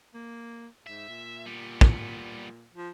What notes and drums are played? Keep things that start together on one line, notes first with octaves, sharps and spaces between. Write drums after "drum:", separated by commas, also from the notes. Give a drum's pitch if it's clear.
A#3
G#2 E5
A#2
G3 B3
drum: kick
F3